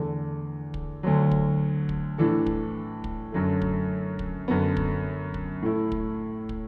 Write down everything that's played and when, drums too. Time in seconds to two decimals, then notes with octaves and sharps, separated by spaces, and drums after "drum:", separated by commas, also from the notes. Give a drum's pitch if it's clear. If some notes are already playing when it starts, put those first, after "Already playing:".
Already playing: E2 D3 A3
0.74 drum: kick
1.03 D2 D3 F#3
1.31 drum: kick
1.89 drum: kick
2.18 A2 E3 D4 A4
2.46 drum: kick
3.04 drum: kick
3.32 F#2 D3 F#3 A3
3.62 drum: kick
4.19 drum: kick
4.48 F#2 D3 B3
4.77 drum: kick
5.34 drum: kick
5.62 A2 A3 E4
5.92 drum: kick
6.49 drum: kick